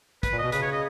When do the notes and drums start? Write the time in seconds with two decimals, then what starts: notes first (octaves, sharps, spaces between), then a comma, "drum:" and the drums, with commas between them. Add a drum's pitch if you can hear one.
0.23 B4, drum: kick, hi-hat
0.33 A#2
0.39 B2 D#5
0.52 C#3 B4, drum: hi-hat
0.62 C#5
0.72 D#5